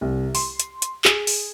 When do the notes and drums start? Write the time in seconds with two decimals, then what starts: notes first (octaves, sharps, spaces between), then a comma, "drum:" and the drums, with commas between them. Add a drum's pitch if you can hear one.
0.01 C2
0.35 C6, drum: open hi-hat
0.60 drum: hi-hat
0.82 drum: hi-hat
1.05 G#4, drum: clap
1.27 drum: open hi-hat